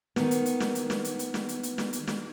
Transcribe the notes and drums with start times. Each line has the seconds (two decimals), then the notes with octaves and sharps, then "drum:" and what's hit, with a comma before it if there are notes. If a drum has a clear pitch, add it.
0.16 D#3 B3, drum: snare
0.31 drum: hi-hat
0.46 drum: hi-hat
0.60 drum: snare
0.75 drum: hi-hat
0.90 drum: snare
1.04 drum: hi-hat
1.19 drum: hi-hat
1.34 drum: snare
1.49 drum: hi-hat
1.63 drum: hi-hat
1.78 drum: snare
1.93 drum: hi-hat
2.07 drum: snare